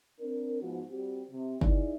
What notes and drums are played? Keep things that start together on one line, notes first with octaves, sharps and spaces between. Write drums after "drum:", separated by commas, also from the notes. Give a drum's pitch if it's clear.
C4 D4 A#4
G#2 F3 B3 F#4
G3 C4 F#4 G4
C3
D#4 E4 G#4 D5 E5, drum: kick F#1